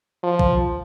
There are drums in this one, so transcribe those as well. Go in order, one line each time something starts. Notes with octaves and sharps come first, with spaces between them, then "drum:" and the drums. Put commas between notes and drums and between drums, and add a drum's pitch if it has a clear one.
F3
drum: kick A#1